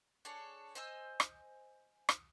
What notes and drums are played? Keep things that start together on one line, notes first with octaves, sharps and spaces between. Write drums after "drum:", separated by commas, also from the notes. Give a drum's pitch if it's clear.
D4 G#4 A4 C#5
C5 D#5 G#5 E6
drum: rim click
drum: rim click